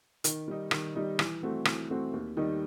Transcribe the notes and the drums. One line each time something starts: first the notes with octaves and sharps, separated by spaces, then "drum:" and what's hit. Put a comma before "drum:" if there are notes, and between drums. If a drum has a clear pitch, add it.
D#3, drum: hi-hat
G3 D#4
D#3, drum: rim click
G3 D#4
E3, drum: rim click
A3 C4 F#4
E3, drum: rim click
A3 C4 F#4
D#2
D#3 G3 D#4